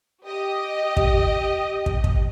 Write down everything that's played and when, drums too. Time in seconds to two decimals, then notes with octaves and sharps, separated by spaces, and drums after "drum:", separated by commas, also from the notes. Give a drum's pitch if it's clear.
0.25 G4 D#5
0.97 drum: kick
1.86 drum: kick
2.04 drum: kick